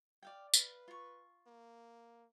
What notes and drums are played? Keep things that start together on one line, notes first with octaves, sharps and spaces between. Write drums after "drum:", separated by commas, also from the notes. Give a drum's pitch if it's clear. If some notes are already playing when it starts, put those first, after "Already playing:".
D5 F5 G5
B4 F5, drum: tambourine
F4 C#6
A#3